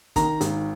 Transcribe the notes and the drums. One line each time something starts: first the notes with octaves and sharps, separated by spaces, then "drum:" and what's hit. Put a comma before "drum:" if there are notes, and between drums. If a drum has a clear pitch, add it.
D#3 A#5, drum: kick, hi-hat
G#1, drum: hi-hat